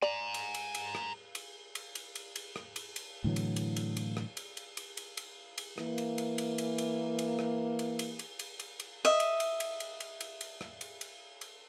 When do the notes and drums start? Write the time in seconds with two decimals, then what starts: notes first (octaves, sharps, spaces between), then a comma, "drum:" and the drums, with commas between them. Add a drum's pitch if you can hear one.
0.02 D5 G#5 A#5
0.34 drum: cymbal
0.54 drum: cymbal
0.75 drum: cymbal
0.95 drum: rim click
1.35 drum: cymbal
1.75 drum: cymbal
1.95 drum: cymbal
2.15 drum: cymbal
2.36 drum: cymbal
2.56 drum: rim click
2.76 drum: cymbal
2.96 drum: cymbal
3.24 A2 D3 E3 F#3
3.36 drum: cymbal
3.56 drum: cymbal
3.76 drum: cymbal
3.97 drum: cymbal
4.17 drum: rim click
4.37 drum: cymbal
4.57 drum: cymbal
4.77 drum: cymbal
4.97 drum: cymbal
5.17 drum: cymbal
5.58 drum: cymbal
5.78 E3 A#3, drum: rim click
5.98 drum: cymbal
6.18 drum: cymbal
6.38 drum: cymbal
6.58 drum: cymbal
6.78 drum: cymbal
7.19 drum: cymbal
7.39 drum: rim click
7.79 drum: cymbal
7.99 drum: cymbal
8.19 drum: cymbal
8.39 drum: cymbal
8.59 drum: cymbal
8.80 drum: cymbal
9.05 D#5 E5
9.20 drum: cymbal
9.40 drum: cymbal
9.60 drum: cymbal
9.80 drum: cymbal
10.00 drum: cymbal
10.21 drum: cymbal
10.41 drum: cymbal
10.61 drum: rim click
10.81 drum: cymbal
11.01 drum: cymbal
11.41 drum: cymbal